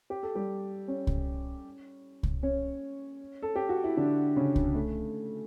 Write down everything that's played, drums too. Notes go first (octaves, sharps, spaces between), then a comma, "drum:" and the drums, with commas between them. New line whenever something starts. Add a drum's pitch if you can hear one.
G4
A4
G3 G4
C#4 C#5
drum: kick C2
drum: kick C2
C#4 C#5
A4
G4
F#4
E4
D3 D4
C#3 C#4
drum: kick C2
A3